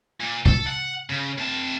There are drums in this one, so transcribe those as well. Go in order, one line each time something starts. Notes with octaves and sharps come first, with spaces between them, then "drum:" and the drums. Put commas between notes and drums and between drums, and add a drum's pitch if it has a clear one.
A#2
A4, drum: kick
F#5
C#3
C3 A5